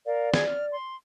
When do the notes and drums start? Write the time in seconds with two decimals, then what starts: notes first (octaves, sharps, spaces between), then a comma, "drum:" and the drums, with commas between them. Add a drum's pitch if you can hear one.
0.06 A#4 D5 F5
0.34 G#4 E6 G#6, drum: snare
0.45 F6
0.72 C6